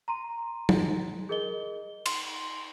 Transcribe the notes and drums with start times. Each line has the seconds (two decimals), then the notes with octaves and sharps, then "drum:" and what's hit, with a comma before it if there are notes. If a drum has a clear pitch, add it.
0.08 A#5 C6 D#7
0.69 drum: tom
1.29 G#4 A#4 D#5 G7
2.06 C6, drum: cymbal